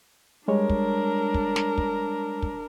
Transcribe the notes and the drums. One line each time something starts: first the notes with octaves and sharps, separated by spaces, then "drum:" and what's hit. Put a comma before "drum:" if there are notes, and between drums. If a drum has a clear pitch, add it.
G3 G#3 D4 A#4 C#5
drum: kick
drum: kick
drum: snare
drum: kick
drum: kick